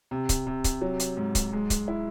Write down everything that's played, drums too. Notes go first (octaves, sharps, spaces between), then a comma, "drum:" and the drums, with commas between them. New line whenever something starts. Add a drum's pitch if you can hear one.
C3
drum: kick C#1, hi-hat
C3
drum: kick C#1, hi-hat
F#3
drum: hi-hat
G#2
drum: kick C#1, hi-hat
G#3
drum: kick C#1, hi-hat
E4